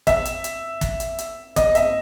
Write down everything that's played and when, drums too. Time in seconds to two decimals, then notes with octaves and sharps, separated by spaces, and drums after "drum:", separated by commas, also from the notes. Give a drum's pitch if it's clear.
0.07 E5, drum: kick, hi-hat
0.25 drum: hi-hat
0.44 drum: hi-hat
0.81 drum: kick, hi-hat
1.00 drum: hi-hat
1.18 drum: hi-hat
1.56 D#5, drum: kick, hi-hat
1.75 E5, drum: hi-hat